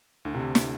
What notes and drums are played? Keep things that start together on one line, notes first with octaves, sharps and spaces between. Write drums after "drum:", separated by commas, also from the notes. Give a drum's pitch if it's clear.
D2 D3
C3
D3
D3, drum: snare